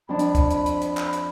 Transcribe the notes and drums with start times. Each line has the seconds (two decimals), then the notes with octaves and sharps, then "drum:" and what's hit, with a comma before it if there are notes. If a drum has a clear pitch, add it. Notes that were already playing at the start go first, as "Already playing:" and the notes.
0.09 F2 D4 B5
0.19 drum: hi-hat
0.35 drum: kick, hi-hat
0.50 B5, drum: hi-hat
0.66 drum: hi-hat
0.82 drum: hi-hat
0.97 drum: clap
1.13 drum: hi-hat